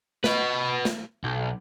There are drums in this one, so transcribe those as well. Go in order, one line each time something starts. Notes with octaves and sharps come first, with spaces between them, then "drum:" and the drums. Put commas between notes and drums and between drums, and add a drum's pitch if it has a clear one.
B4 D#5, drum: snare
drum: snare
B1